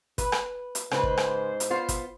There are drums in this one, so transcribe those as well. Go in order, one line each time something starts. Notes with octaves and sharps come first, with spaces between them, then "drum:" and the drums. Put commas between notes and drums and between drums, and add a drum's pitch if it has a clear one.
B4, drum: kick, hi-hat
drum: rim click
drum: hi-hat
G#2 C#3 B4 C5, drum: rim click
drum: kick
drum: rim click
drum: hi-hat
B3 F4 C5
drum: kick, hi-hat